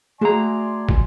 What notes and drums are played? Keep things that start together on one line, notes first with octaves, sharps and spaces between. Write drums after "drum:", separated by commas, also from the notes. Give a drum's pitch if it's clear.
A3 F#4 G#4 D5 G#5 A#5 C6
drum: kick